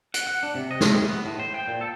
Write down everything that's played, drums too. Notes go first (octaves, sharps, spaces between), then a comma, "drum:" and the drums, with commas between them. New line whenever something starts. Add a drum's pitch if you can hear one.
F#5, drum: hi-hat
F#5
D4
C3
D#5
drum: snare
G#3
B3
A2
C5
G5
A#2
A4